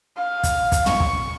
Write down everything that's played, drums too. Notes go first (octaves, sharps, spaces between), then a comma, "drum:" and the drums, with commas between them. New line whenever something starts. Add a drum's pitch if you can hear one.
F5
drum: kick, hi-hat
drum: kick, hi-hat
C#6, drum: tom
drum: kick